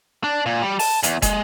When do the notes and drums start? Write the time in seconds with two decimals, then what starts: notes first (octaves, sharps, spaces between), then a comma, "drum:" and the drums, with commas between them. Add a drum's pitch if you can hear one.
0.24 D4
0.46 A#2
0.62 G3
0.80 A5, drum: open hi-hat
1.03 E2, drum: hi-hat
1.22 G#3, drum: kick, hi-hat